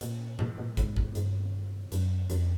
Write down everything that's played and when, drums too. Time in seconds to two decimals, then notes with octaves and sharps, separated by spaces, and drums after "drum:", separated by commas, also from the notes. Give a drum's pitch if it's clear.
0.01 A#2, drum: hi-hat
0.39 A#2, drum: tom G#2
0.58 A#2
0.68 A2
0.77 G#2, drum: kick, hi-hat
0.96 drum: kick
1.15 G2, drum: hi-hat
1.92 F#2, drum: hi-hat
2.30 F2, drum: hi-hat